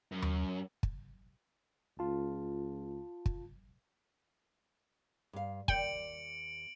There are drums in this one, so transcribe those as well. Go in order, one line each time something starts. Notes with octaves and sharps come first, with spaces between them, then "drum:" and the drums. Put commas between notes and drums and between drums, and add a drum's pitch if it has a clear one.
F#2
drum: tom D#2
drum: kick
C#2 F4 A5
drum: kick
G2 F5
D#2 D5 G5 C#7 D7 F#7, drum: kick